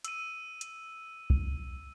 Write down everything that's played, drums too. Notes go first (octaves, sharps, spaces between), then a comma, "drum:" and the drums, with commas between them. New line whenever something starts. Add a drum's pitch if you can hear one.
E6 D#7, drum: hi-hat
drum: hi-hat
drum: kick